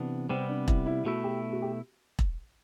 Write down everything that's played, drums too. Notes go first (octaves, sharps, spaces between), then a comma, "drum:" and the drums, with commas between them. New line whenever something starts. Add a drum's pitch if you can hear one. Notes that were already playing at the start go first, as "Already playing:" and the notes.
Already playing: C3 E3 B3 D4
C3 G3 B3 C4
D4
E4, drum: kick E1
E4
B2 A3 E4 F#4
G4
F#4
G4
drum: kick E1